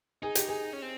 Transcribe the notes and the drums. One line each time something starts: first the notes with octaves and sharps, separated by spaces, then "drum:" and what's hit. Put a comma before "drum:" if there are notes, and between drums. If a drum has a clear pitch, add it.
D#4 G#4
G4, drum: hi-hat
G#4
C#4
C4